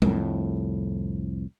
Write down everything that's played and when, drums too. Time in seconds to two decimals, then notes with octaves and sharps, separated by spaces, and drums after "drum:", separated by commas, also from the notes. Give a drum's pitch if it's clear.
0.02 C2 F2 A2, drum: tom G3